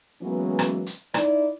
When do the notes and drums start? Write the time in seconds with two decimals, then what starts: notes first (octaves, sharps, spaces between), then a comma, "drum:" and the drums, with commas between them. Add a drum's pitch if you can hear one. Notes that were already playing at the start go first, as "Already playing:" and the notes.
0.22 E3 F#3 G#3 A#3 B3 C#4
0.59 drum: rim click
0.86 drum: hi-hat
1.14 D#4 E4 D5, drum: rim click